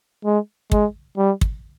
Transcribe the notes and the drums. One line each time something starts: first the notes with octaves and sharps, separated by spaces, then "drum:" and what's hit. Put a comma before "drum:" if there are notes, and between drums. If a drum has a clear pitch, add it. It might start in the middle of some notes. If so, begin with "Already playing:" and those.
G#3
G#3, drum: kick
G3
drum: kick